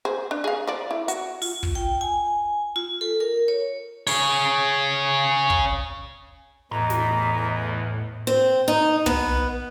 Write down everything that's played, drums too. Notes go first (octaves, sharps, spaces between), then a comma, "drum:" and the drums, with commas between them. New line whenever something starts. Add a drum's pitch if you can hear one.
G#4 C5
D4
G#4 F5
F3 D5
E4
F#4, drum: hi-hat
F4, drum: open hi-hat
drum: kick
G5
G#5
F4
A4
A#4
C#5
G#4 C#5, drum: open hi-hat
drum: kick
E2 A2 E3 D#5 A#5
drum: snare
C4
D#4
B3, drum: tom